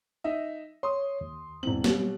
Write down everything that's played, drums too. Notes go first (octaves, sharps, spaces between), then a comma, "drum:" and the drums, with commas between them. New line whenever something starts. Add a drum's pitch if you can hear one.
D#4 D#5 E5
C#5 C6 D#6
D#2
E1 E3 C4 F#7
B2 F#3 G3, drum: snare